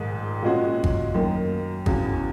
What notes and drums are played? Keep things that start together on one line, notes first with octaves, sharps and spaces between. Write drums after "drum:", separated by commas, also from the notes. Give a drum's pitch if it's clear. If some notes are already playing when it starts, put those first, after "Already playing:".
Already playing: A#1 G#2 D#3
A#2 G#3 C#4 F#4
drum: kick G#1
F#2 D#3 A#3
E2 C#3 F#3, drum: kick G#1